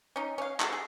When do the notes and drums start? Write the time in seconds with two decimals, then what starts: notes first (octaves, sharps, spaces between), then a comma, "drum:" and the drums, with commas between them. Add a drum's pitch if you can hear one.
0.16 C#4 D#4
0.38 C#4 F5
0.60 A3 F#4 G#4 A4, drum: clap
0.72 G#4